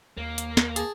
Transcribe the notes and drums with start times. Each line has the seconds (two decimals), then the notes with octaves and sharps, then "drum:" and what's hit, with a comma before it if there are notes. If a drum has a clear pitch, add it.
0.17 D#2 A#3
0.38 drum: hi-hat
0.57 drum: snare
0.76 G#4 A5, drum: hi-hat